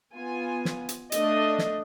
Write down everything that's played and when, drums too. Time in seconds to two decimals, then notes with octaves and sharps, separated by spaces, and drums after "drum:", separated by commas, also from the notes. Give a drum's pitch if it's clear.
0.13 B3 F4 G#5
0.65 drum: snare
0.89 drum: hi-hat
1.12 A3 D4 D#5, drum: hi-hat
1.58 drum: snare